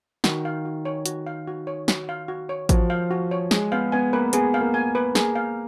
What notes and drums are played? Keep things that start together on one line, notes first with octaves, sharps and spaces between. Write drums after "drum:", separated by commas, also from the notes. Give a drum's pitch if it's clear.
D#3 F#4, drum: snare
F5
F#4
C#5
F#4, drum: hi-hat
F5
F#4
C#5
F#4, drum: snare
F5
F#4
C#5
F3 F#4, drum: kick A1, hi-hat
F5
F#4
C#5
G#3 G#4, drum: snare
B3 F5
B3 G#5
A#3 B4
B3 G#4, drum: hi-hat
F5
A#3
G#5
B4
A#3 G#4, drum: snare
F5